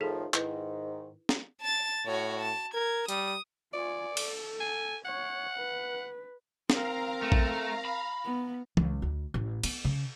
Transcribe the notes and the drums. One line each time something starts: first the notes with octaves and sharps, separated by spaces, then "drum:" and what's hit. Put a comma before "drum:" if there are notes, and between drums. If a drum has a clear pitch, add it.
A2 D#3 F3 D#4 G#4 A4
G#2 D#3 E4 B4, drum: clap
drum: snare
A5 A6
A2 F#4 C#5
A5
A#4 G#6
G3 D#6, drum: hi-hat
F4 D5 G#5
A4, drum: cymbal
G#5
C#5 F#5
B4
C4 A#4 F5 A#5, drum: snare
A3
drum: kick
B5
B3
C#2, drum: tom E3
D2
A1
B3, drum: cymbal
C#3